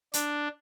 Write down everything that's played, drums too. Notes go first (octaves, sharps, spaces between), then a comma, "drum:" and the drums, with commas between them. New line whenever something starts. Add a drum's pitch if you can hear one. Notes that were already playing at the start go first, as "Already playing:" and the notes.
D4, drum: hi-hat